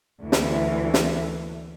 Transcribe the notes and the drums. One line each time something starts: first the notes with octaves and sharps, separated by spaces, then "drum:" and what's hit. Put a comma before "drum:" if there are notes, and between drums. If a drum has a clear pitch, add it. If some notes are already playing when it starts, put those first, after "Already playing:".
D2 E3
drum: snare
drum: snare